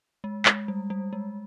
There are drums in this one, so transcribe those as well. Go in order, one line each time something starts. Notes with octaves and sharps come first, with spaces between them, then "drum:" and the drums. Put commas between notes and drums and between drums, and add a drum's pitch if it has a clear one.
G#3
G#3, drum: clap
G3
G3
G#3